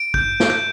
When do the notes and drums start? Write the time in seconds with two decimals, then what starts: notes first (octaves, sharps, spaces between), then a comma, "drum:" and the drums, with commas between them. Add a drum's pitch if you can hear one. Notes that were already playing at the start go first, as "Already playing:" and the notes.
Already playing: D7
0.14 G6, drum: kick
0.40 drum: snare
0.50 G6